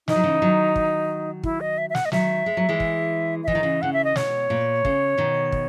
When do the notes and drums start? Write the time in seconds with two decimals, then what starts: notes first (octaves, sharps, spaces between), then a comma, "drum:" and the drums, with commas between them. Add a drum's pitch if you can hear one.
0.08 E3 D#4, drum: snare
0.16 F#3
0.24 C#3 E3
0.42 D#3 F#3
0.76 drum: kick
1.44 E4, drum: kick
1.61 D#5
1.78 E5
1.90 E5
1.95 F#5, drum: snare
2.05 D#5
2.12 D#3 F#3 E5, drum: snare
2.46 G#3
2.57 F#3
2.69 E3 G#3
2.80 drum: kick
3.44 E5
3.48 E3 D#5, drum: kick
3.55 D#3
3.63 C#3 E3
3.82 C#3 F#5
3.93 E5
4.04 D#5
4.16 B2 C#5, drum: snare
4.50 A#2
4.85 C#3, drum: kick
5.18 B2 D#3
5.52 drum: kick